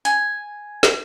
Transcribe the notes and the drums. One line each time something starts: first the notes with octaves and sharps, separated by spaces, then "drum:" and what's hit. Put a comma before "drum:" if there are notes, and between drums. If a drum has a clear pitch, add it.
G#5, drum: hi-hat
drum: snare